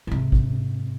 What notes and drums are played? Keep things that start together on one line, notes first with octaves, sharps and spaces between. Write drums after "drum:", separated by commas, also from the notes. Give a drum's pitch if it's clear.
G#2 C3
drum: kick